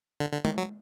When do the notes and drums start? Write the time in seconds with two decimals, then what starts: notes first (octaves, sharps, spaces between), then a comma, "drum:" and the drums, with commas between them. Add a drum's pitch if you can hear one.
0.20 D3
0.32 D3
0.45 D#3, drum: tom G#3
0.58 F#3